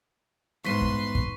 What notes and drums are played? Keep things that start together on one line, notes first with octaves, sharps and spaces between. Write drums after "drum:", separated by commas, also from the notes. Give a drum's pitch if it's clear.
E2 G#2 B4 C6 C#6 B6 D#7
drum: kick
drum: kick